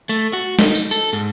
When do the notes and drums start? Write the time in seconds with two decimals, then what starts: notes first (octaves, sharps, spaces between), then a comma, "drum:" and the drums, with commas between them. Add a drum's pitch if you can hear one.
0.09 A3
0.33 F#4
0.59 D#4, drum: snare
0.75 drum: tambourine
0.91 A4, drum: tambourine
1.13 G#2